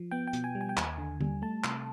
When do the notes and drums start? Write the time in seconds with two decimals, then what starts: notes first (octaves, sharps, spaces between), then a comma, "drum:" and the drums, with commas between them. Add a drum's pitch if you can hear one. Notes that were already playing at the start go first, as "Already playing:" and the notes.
Already playing: F3
0.11 B3 G5
0.27 G5
0.33 B2, drum: hi-hat
0.44 G#5
0.55 G3
0.61 G#5
0.69 G5
0.77 D#2 G#5, drum: clap
0.98 D3
1.21 G3, drum: tom
1.42 A3 A5
1.64 C3, drum: clap